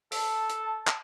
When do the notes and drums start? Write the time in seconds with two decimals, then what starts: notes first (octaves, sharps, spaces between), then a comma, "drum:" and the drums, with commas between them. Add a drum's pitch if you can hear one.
0.12 A4 A5, drum: open hi-hat
0.50 drum: hi-hat
0.87 drum: clap